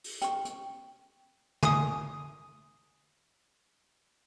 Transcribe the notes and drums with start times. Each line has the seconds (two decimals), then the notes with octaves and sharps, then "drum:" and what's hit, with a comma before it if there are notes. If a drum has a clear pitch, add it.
0.04 drum: open hi-hat
0.22 G5 C#6, drum: hi-hat
0.45 drum: hi-hat
1.63 G#5 D#6, drum: tom